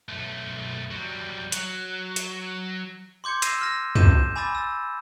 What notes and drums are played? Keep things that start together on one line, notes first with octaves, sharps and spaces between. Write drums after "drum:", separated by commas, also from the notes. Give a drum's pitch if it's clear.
B1 A3
F#3 G3
F#3, drum: hi-hat
drum: hi-hat
C6 D6 G6 G#6 C#7
E6 A#6 C7 D#7 E7, drum: hi-hat
F6 A#6
G6 D#7 E7, drum: tom
G#5 B5 D6 E6 A6
E6 A6